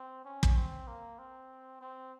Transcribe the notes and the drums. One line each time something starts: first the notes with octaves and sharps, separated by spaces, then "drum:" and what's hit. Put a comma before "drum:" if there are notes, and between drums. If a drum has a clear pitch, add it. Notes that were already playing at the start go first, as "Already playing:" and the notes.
Already playing: C4
C#4
drum: kick
C4
A#3
C4
C4